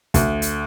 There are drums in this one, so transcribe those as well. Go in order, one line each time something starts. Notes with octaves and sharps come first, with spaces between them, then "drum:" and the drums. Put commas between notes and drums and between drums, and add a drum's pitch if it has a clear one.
D2, drum: kick, hi-hat
drum: hi-hat